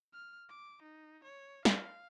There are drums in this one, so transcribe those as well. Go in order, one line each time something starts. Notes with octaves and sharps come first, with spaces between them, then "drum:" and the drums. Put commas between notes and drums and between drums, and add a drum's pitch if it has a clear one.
F6
D6
D#4
C#5
F5, drum: snare